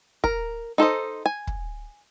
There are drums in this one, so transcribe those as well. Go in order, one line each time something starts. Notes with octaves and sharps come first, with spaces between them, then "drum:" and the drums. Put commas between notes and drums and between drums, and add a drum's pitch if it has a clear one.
A#4, drum: kick
D#4 A4 C5 D#5
G#5
drum: kick